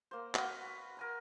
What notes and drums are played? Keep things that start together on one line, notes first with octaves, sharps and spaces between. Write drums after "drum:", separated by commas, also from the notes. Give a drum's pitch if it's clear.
A#3 C5
F#4 B4 F5 C6, drum: clap
A#4 G#5 A#5